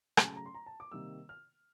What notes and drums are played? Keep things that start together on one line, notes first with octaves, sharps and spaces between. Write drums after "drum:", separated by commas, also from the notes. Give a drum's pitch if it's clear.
C#3 F#3 A3 G#5, drum: rim click
A5
A#5
C6
A#5
A5
D6
C3 D#3 G3 A#3 E6
F6